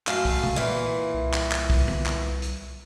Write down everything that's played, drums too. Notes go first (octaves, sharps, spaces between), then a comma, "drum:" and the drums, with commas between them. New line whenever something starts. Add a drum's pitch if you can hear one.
F#2 A3 F5, drum: clap
drum: kick, open hi-hat
drum: tom A#2
A#2 E3
C2
drum: clap
drum: clap
drum: kick, open hi-hat
drum: tom D3
drum: clap
drum: hi-hat